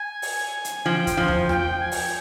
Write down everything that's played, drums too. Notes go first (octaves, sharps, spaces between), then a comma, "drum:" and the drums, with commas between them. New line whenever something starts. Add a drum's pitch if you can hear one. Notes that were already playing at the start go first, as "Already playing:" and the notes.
Already playing: G#5
drum: open hi-hat
drum: hi-hat
F3 G5
drum: kick, hi-hat
F3
drum: tom E2
G5, drum: rim click
G#5
drum: open hi-hat